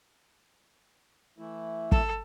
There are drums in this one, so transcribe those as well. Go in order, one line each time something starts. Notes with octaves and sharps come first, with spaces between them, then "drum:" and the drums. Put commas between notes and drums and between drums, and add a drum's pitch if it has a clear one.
E3 A3 E4
A4, drum: kick